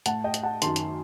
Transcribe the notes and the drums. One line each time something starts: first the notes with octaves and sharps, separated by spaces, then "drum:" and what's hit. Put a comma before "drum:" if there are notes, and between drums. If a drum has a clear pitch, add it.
A2 F#5 A5, drum: hi-hat
D#5 G5
drum: hi-hat
F#5 A5
F#2 D#3 A5 C6, drum: hi-hat
drum: hi-hat